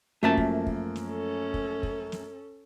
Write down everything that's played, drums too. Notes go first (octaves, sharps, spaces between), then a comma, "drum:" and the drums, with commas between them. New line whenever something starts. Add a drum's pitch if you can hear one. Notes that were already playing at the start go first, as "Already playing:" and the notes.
F#2 F3 A3 A#3 E5 A5
drum: kick
drum: kick
drum: snare
C#4 A4
drum: kick
drum: kick
drum: snare